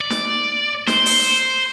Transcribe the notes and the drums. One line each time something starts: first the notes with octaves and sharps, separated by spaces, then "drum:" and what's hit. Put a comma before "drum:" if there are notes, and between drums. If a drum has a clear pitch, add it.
D5
drum: snare
C5, drum: snare
drum: open hi-hat